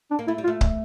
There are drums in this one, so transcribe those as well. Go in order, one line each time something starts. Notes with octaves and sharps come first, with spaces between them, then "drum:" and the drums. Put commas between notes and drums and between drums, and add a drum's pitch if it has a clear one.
D4
A#3
A3 E4
G3
F4
A3
drum: kick C#1